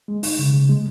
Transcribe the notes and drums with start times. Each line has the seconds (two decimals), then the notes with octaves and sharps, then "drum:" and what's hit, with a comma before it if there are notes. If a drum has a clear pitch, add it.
0.08 G#3
0.23 D#4, drum: open hi-hat
0.39 C#3
0.53 C#3
0.69 G#3